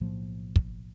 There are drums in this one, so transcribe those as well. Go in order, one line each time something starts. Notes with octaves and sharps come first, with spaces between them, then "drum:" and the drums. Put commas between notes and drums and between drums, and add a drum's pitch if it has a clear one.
B1 A2 F3 A#3
drum: kick